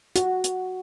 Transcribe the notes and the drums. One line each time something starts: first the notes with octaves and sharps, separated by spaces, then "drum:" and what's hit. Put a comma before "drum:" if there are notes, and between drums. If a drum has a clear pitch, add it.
F#4, drum: hi-hat
drum: hi-hat